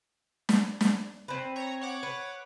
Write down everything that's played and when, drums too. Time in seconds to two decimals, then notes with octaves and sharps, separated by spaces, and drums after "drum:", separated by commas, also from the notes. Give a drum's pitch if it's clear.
0.49 drum: snare
0.81 drum: snare
1.28 C4 B4
1.56 C#5 A#5
1.81 C#5 F#5 D6
2.03 B4